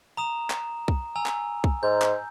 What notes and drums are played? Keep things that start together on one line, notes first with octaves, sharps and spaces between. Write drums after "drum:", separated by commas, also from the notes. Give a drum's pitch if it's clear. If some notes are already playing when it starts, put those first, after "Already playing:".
A#5 D#6 E7
drum: clap
drum: kick B1
G#5 A#5 E6
drum: clap
drum: kick B1
G#2 G6
drum: clap